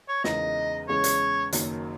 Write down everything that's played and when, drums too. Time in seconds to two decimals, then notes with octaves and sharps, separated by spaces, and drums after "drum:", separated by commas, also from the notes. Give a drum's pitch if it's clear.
0.08 C#5
0.24 E2 C#3 G#3 D#4 A#4 D#5, drum: snare
0.88 E2 C#3 G#3 C#4 C#5
1.04 drum: hi-hat
1.53 F#1 F#2 D#3 F#3 A#3, drum: hi-hat